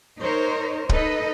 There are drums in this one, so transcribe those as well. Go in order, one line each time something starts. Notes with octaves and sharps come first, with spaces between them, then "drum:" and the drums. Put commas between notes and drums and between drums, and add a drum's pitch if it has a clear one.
D#4 A#4 C5 C#5
D#4 A4 B4 D#5, drum: kick